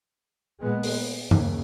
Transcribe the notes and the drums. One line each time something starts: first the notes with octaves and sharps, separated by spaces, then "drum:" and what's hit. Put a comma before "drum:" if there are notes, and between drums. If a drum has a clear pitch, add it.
A#2 G#3 B3
drum: open hi-hat
D#2 C#3, drum: tom G2